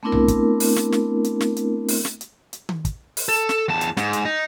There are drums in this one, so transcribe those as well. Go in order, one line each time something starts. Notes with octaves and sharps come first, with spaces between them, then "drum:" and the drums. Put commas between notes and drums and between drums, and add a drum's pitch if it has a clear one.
A3 B3 C4 D4 E4 A#4
drum: tom B1
drum: kick, hi-hat
drum: open hi-hat
drum: snare
drum: snare
drum: hi-hat
drum: snare
drum: hi-hat
drum: open hi-hat
drum: snare
drum: hi-hat
drum: hi-hat
drum: tom D#3
drum: kick, hi-hat
drum: open hi-hat
A4
drum: snare
E2 A5
drum: hi-hat
G#2, drum: snare
drum: hi-hat
D#4